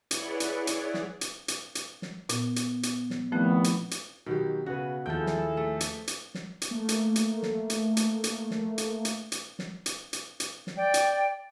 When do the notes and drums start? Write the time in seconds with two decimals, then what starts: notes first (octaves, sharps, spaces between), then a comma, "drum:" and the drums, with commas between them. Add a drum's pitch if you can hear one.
0.11 E4 G#4 B4 C#5 D5 F#5, drum: hi-hat
0.40 drum: hi-hat
0.67 drum: hi-hat
0.94 drum: snare
1.21 drum: hi-hat
1.48 drum: hi-hat
1.75 drum: hi-hat
2.02 drum: snare
2.29 A#2 B3, drum: hi-hat
2.56 drum: hi-hat
2.83 drum: hi-hat
3.10 drum: snare
3.32 D#3 F3 G3 A3 B3 C4 E4 F#6
3.64 drum: hi-hat
3.91 drum: hi-hat
4.26 B2 D#3 F#3 G4
4.66 C#3 F#4 B4
5.06 D#2 F3 E4 G#4 A4 G5 G6
5.26 drum: snare
5.57 A3
5.80 drum: hi-hat
6.08 drum: hi-hat
6.35 drum: snare
6.62 drum: hi-hat
6.71 A3 A#3
6.89 drum: hi-hat
7.16 drum: hi-hat
7.43 drum: snare
7.70 drum: hi-hat
7.97 drum: hi-hat
8.24 drum: hi-hat
8.51 drum: snare
8.78 drum: hi-hat
9.05 drum: hi-hat
9.32 drum: hi-hat
9.59 drum: snare
9.86 drum: hi-hat
10.13 drum: hi-hat
10.40 drum: hi-hat
10.67 drum: snare
10.77 D5 G5
10.94 drum: hi-hat